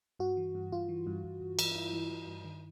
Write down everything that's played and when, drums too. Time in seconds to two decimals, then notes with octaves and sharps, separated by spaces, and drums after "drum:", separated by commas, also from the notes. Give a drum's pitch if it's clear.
0.19 G2 F#4
0.37 E3
0.55 G2
0.72 G2 F4
0.89 E3
1.07 G2
1.24 G2
1.41 G2
1.59 E3, drum: cymbal
1.71 F4
1.75 G2 E4
1.93 E3
2.11 E3
2.27 G2
2.45 D#3